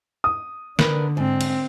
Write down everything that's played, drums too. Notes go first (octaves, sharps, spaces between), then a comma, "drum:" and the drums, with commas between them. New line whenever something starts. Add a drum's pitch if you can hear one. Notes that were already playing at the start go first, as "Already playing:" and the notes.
D#6
D3 A#4 B4, drum: snare
G#2 C4
drum: cymbal